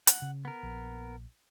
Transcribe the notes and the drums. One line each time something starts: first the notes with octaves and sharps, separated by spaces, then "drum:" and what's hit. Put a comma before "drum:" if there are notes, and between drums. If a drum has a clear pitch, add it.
F#5, drum: hi-hat
C#3
B3 A#4
A#1